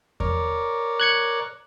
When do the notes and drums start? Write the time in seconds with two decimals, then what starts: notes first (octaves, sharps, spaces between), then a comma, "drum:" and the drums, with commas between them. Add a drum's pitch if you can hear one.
0.20 A#4 C#5 D5, drum: kick E2
1.00 F#6 G#6 C#7